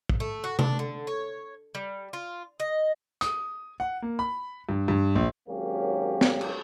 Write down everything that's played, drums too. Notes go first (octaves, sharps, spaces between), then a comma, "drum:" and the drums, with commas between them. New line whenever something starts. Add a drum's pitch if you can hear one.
drum: kick
A3
F#4
D4, drum: tom C3
D3
C#5
G3
F4
D#5
D#6, drum: hi-hat
F#5
A#3
B5
G2
G2
A#1
G#1 G#2 F#3 A#3 C#4 G4
drum: snare
drum: cymbal